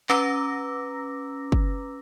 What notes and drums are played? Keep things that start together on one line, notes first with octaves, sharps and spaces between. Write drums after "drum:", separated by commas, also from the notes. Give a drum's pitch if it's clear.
C#4 B4 A#5 D6 E6 A#6, drum: clap
drum: kick